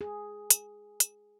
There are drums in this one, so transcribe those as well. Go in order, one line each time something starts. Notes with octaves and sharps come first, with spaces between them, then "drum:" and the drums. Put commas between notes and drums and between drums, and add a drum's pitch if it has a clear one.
G#4
drum: hi-hat
drum: hi-hat